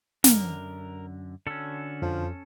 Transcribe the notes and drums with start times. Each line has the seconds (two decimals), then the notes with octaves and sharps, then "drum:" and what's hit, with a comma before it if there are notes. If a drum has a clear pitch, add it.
0.24 F#2 D3 A#4, drum: snare
1.47 D3 C#4 F#4 A4 E6
2.02 F2 F3